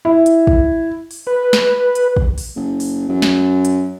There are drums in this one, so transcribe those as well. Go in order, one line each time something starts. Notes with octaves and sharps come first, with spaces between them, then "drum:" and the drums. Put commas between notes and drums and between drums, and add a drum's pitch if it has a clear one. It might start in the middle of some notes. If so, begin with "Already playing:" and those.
E4
drum: hi-hat
drum: kick
drum: open hi-hat
B4
drum: snare
drum: hi-hat
drum: kick
drum: open hi-hat
F#1
drum: open hi-hat
F#2
drum: snare
drum: hi-hat